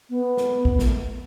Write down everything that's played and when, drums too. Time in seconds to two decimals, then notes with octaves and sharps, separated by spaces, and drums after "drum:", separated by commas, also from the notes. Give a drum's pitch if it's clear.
0.10 B3
0.37 drum: snare
0.65 drum: kick
0.79 drum: snare